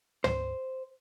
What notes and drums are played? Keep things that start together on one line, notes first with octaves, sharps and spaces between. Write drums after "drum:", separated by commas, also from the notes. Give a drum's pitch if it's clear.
C5, drum: tom